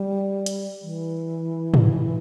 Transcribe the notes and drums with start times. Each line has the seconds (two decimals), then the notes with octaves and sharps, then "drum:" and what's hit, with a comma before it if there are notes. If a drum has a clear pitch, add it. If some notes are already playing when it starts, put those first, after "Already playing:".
Already playing: G3
0.46 drum: hi-hat
0.82 E3
1.74 drum: tom